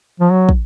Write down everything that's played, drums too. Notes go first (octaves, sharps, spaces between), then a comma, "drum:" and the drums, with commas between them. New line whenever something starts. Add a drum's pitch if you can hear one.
F3
F#3
drum: kick